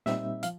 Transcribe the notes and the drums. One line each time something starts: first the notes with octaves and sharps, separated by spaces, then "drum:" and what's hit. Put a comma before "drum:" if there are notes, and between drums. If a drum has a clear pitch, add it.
A#2 G3 C4 D#4 E5, drum: snare
F3 F5, drum: hi-hat